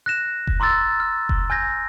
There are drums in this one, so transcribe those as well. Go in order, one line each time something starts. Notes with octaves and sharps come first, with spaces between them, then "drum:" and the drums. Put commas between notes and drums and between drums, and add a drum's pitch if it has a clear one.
F#6 A#6 E7
drum: kick F1
A#5 C6 D6 E6 A6
F6
drum: kick F1
G#5 F6 G6 G#6 A#6